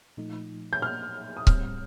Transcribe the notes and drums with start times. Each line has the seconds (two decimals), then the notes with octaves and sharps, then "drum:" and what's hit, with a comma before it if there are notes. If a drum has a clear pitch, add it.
0.17 A#2 F3 A3 D#4
0.73 G6
0.82 F6
1.37 D#6
1.47 A2 G3 C4 F6, drum: kick C#1